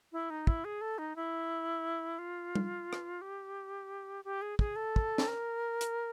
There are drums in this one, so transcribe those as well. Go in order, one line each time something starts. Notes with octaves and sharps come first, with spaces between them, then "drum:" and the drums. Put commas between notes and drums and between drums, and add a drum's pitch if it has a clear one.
E4
D#4
E4, drum: kick
G#4
A4
D#4
E4
F4
drum: tom G3
drum: rim click
G4
G4
G#4
G#4, drum: kick
A4
drum: kick
drum: snare
A#4
drum: hi-hat